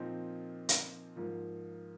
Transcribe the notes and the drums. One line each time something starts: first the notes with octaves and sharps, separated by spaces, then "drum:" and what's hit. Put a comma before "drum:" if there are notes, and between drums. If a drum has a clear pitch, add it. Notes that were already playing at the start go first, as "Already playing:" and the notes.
Already playing: A#2 F3 C4 D#4
drum: hi-hat
G#2 F3 A#3